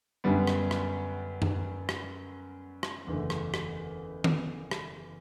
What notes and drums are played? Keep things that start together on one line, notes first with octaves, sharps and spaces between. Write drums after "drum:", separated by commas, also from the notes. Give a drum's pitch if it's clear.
F#2 D3 G3 B3
drum: rim click
drum: rim click
drum: tom F#2
drum: rim click
drum: rim click
F#1 E2 D3 A3
drum: rim click
drum: rim click
drum: tom D#3
drum: rim click